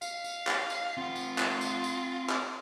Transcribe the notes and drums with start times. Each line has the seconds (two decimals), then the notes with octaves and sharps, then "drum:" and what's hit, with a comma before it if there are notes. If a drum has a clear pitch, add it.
0.02 F5, drum: tambourine
0.24 drum: tambourine
0.47 drum: clap
0.70 drum: tambourine
0.97 C4 F4 F#5
1.16 drum: tambourine
1.38 drum: clap
1.61 drum: tambourine
1.84 drum: tambourine
2.29 drum: clap